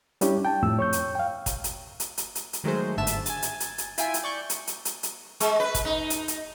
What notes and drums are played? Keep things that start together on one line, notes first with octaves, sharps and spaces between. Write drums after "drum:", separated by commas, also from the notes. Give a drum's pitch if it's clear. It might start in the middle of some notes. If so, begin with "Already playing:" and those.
G3 C#4 D4 E4 G4 C#5, drum: hi-hat
G5 A5
F2 A2 A3 E6
C#5 C#6 G6
drum: hi-hat
F5 G5
drum: kick, hi-hat
drum: hi-hat
drum: hi-hat
drum: hi-hat
drum: hi-hat
drum: hi-hat
D#3 F#3 G#3 A3 G#4 C5
G1 G#2 D3 E5 A5 E7
drum: hi-hat
G#5 A6, drum: hi-hat
drum: hi-hat
drum: hi-hat
drum: hi-hat
E4 F4 E5 G5 G#5, drum: hi-hat
drum: hi-hat
D5 C#6 G6
drum: hi-hat
drum: hi-hat
drum: hi-hat
drum: hi-hat
G#3, drum: hi-hat
B4
drum: kick, hi-hat
D#4
drum: hi-hat
drum: hi-hat